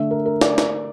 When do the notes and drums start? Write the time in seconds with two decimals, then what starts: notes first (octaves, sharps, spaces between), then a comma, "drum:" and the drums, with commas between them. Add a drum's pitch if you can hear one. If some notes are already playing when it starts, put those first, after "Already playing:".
Already playing: D3 A3 D4 E5
0.11 A#4
0.26 A#4
0.41 D5, drum: snare
0.58 drum: snare